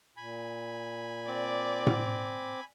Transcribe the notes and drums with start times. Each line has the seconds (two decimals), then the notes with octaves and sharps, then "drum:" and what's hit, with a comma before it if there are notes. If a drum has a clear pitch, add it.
0.17 A#2 G#5 B5
1.28 C4 D5 D6
1.87 drum: tom A2